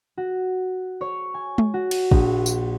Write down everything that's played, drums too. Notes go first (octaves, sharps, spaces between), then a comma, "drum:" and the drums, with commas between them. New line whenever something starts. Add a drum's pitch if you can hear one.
F#4
C#5
G#5
drum: tom G#3
F#4
drum: cymbal
A#1, drum: kick
drum: tambourine